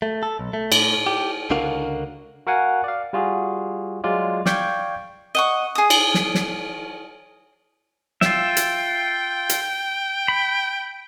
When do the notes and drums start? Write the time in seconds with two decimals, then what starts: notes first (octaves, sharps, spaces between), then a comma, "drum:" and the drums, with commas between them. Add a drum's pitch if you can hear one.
0.02 A3
0.23 A4
0.39 B1
0.53 A3
0.72 A2, drum: cymbal
1.07 G4
1.50 C#2 D3 D4 F#4 A#4 F5
2.47 F#4 A#4 F5 F#5 G#5
2.84 D5 F5
3.13 G3 F4 F#4 G#4
4.04 F#3 G#3 F4 D5
4.46 D5 F5 G5 C#6 G6 G#6, drum: snare
5.35 D#5 F#5 C#6
5.75 G#4 D#6
5.90 drum: cymbal
6.14 drum: snare
6.35 drum: snare
8.21 F4 E5 G5, drum: snare
8.57 drum: hi-hat
9.49 drum: hi-hat
10.28 B5